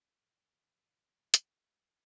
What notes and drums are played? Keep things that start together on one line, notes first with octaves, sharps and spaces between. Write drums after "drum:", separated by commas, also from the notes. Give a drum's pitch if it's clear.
G#2 B2 D3 E3 F3 G3
drum: hi-hat